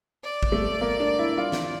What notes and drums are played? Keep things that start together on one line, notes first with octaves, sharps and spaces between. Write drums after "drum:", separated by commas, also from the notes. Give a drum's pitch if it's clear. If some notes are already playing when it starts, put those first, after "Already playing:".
D5
drum: kick
A3
A#3
D4
E4
F4
drum: snare